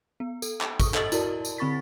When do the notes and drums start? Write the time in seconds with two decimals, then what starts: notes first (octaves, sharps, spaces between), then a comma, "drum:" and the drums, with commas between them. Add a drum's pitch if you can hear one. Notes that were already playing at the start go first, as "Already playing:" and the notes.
0.20 B3
0.42 A4, drum: tambourine
0.61 drum: clap
0.80 C#6 D#6, drum: kick, tambourine
0.94 A4 D#5 A6 F#7, drum: clap
1.12 E4 F#4 A#4 D5 A5, drum: tambourine
1.45 drum: tambourine
1.58 D3 C4 B5 C#6 A6 B6